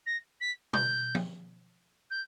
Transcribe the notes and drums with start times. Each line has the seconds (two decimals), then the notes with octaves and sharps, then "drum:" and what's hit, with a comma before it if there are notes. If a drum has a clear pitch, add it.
0.06 A#6
0.40 B6
0.73 G6, drum: tom B2
1.15 drum: tom
2.10 G6